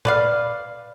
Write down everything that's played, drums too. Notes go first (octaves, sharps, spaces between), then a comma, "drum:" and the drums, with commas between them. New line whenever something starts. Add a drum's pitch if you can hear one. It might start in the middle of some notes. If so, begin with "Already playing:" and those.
B4 D5 F5, drum: tom A#2